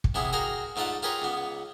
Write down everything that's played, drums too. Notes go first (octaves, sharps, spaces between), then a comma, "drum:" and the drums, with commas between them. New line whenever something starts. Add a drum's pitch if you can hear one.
drum: kick
C3 E3 B3 G#4
F#4 G#4 A#4 F5 G5
G#2 A3 F4 D5 F#5
F4 G4 G#4 A#4 B4 C#5
C#2 B3